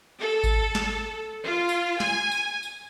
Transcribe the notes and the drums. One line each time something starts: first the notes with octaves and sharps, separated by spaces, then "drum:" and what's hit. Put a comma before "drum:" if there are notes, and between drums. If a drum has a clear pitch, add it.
A4
drum: kick G#1, tambourine
drum: snare
F4
drum: tambourine
G#5, drum: snare
drum: tambourine
drum: tambourine